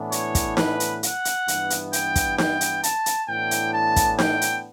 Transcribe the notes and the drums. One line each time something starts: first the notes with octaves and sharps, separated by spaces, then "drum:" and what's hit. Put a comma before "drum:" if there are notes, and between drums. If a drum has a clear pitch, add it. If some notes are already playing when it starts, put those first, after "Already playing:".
Already playing: A2 E3 B3 D4
C#5, drum: hi-hat
drum: kick, hi-hat
B4, drum: snare D#4
drum: hi-hat
F#5, drum: hi-hat
drum: hi-hat
G2 E3 B3, drum: hi-hat
drum: hi-hat
G5, drum: hi-hat
drum: kick, hi-hat
G5, drum: snare D#4
drum: hi-hat
A5, drum: hi-hat
drum: hi-hat
A2 E3 B3 D4 G5
drum: hi-hat
A5
drum: kick, hi-hat
G5, drum: snare D#4
drum: hi-hat